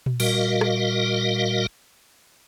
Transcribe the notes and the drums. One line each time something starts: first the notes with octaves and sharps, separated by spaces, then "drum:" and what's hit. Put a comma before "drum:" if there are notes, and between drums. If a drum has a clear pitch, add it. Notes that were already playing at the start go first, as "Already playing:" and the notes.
drum: tom A#2
A#2 G3 F#4 A#4 D#5 F5, drum: cymbal
drum: rim click